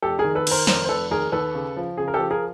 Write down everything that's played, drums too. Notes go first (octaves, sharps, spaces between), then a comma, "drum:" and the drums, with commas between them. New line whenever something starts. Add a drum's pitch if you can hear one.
F1 G4 A4
G#4 A#4
D#3
A4 B4
D#3 A#4 C5, drum: cymbal
F1 A#4 C5, drum: snare
C5
F1 A4 B4
D#2 G#4 A#4
D#2 A4 B4
C#3
F3
C#3 G#4
A#4
F3 G4 A4
G#4 A#4